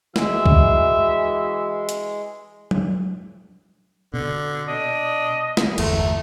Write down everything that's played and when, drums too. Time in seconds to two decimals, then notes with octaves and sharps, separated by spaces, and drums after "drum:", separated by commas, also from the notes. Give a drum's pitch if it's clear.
0.16 E3 G#3 E4 F#4 E5, drum: snare
0.46 drum: kick C#2
1.89 drum: hi-hat
2.71 drum: tom F#3
4.14 B2 D3
4.68 D4 D#5
5.57 drum: snare
5.78 G1 E2 A3, drum: cymbal